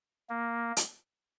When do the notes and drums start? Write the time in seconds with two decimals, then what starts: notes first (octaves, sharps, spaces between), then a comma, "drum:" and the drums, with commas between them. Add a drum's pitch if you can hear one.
0.29 A#3
0.77 drum: hi-hat